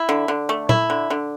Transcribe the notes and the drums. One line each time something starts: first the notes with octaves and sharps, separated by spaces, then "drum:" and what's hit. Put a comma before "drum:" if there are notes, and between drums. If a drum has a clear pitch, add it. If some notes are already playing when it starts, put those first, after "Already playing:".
Already playing: E4
D3
D3
A3
E4, drum: tom
D3
D3